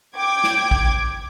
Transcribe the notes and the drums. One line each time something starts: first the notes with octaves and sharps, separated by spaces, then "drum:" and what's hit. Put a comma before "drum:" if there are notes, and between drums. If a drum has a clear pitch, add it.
G5 D6 G#6
drum: snare
drum: kick A1